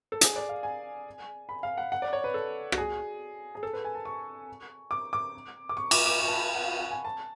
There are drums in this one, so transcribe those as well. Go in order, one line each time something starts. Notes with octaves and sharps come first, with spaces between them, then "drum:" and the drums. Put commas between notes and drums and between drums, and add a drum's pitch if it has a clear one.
A4
G#4, drum: hi-hat
D5
F5
G#5
B5
F5
F#5
F#5
D5
C#5
B4
A4
F#4, drum: rim click
G#4
G#4
A4
B4
G#5
A5
C#6
D6
D6
D6
C#6
D6, drum: cymbal
D6
C#6
A5
B5
F#5
F5
F#5
G#5
A5